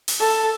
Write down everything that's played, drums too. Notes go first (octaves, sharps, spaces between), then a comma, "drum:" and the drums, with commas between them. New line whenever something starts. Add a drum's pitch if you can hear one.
drum: open hi-hat
A4